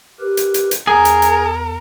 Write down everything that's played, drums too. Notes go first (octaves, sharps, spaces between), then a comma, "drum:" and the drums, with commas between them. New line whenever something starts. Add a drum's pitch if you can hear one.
G4 A#4 B4
drum: hi-hat
drum: hi-hat
drum: hi-hat
E2 G#4 A#4
drum: hi-hat
drum: hi-hat